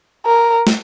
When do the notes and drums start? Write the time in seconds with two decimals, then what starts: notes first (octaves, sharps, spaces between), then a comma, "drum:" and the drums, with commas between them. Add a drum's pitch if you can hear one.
0.26 A#4
0.67 drum: snare